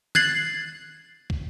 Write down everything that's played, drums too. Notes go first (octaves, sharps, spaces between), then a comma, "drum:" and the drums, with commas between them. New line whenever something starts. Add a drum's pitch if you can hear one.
F#6 G#6 A6 C7 F#7, drum: tom D#3
drum: kick